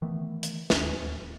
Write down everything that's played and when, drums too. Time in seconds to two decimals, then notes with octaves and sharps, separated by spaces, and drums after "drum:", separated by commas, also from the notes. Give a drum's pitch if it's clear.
0.02 D#3 E3 A3 B3
0.43 drum: hi-hat
0.70 D1 D#2 C#4, drum: snare